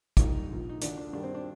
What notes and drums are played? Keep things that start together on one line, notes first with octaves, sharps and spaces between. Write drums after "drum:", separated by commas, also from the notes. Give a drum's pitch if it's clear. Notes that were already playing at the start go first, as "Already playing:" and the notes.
C2 A#2 G3 D#4, drum: kick, hi-hat
A#1 A#2 F3
D#4
D2 D3 F3 D4, drum: hi-hat
D4
G2 D#3 G3 D4
C4
D4